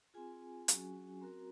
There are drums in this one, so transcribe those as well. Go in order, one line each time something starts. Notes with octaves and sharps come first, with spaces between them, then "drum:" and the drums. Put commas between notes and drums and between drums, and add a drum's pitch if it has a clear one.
C4 F4 G#4 G#5
F#3 C#4 F#4, drum: hi-hat
C4 F#4 A#4 A#5